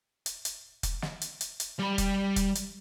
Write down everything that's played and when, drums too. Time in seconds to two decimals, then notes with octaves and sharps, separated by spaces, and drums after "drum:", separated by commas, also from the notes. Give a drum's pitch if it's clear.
0.26 drum: hi-hat
0.45 drum: hi-hat
0.83 drum: kick F1, hi-hat
1.02 drum: snare
1.21 drum: hi-hat
1.41 drum: hi-hat
1.60 drum: hi-hat
1.79 G3 B5
1.98 drum: kick F1, hi-hat
2.36 drum: kick F1, hi-hat
2.55 drum: hi-hat